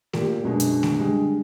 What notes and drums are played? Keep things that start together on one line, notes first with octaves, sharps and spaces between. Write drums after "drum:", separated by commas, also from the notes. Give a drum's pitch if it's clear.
A#2 G4, drum: snare A3
F#2 B2 G#3 D4
drum: hi-hat
drum: snare A3
D3 G3 G#3